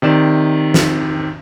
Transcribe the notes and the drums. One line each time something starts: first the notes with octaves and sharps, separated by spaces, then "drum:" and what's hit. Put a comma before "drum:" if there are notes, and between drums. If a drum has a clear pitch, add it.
C3 D#3 D5 E7
drum: snare